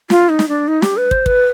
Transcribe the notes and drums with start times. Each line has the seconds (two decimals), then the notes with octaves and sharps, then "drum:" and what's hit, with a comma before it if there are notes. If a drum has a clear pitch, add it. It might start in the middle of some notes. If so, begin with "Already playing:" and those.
0.10 F4, drum: snare
0.29 D#4
0.39 drum: snare
0.48 D4
0.68 D#4
0.82 G4, drum: snare
0.97 B4
1.11 C5, drum: kick
1.26 B4, drum: kick